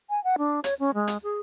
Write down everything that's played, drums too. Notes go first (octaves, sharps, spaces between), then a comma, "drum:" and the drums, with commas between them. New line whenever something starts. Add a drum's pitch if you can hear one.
G#5
F#5
D4
C#5, drum: hi-hat
C#4
G#3
drum: hi-hat
G#4